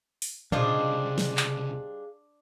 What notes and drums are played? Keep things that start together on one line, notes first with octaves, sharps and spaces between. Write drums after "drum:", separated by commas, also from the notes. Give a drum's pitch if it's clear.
drum: open hi-hat
C2 C#3 G3 D4 G#4 C5 D#5 F5, drum: tom A#2
drum: snare
drum: clap